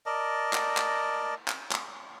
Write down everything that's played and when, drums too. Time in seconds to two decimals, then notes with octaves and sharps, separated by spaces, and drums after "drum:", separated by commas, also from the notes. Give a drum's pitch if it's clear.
0.06 A#4 D5 D#5 A5
0.53 drum: clap
0.77 drum: clap
1.48 drum: clap
1.72 drum: clap